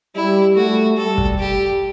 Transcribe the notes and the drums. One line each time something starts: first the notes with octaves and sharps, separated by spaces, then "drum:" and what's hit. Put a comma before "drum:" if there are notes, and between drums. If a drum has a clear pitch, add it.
G3 E4
A3 F#4
G3 A4
drum: kick
G4